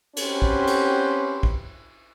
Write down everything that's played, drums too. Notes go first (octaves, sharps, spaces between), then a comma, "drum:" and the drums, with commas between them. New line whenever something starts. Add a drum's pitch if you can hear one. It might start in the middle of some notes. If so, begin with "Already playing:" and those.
C4 C#4 F#4 G4 B4 C5, drum: cymbal
drum: kick
drum: cymbal
drum: kick